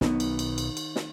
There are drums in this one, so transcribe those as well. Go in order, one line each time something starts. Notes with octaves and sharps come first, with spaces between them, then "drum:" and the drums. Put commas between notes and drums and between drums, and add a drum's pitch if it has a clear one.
B1 B2 D#3 B3, drum: snare
drum: cymbal
drum: cymbal
drum: cymbal
drum: cymbal
drum: snare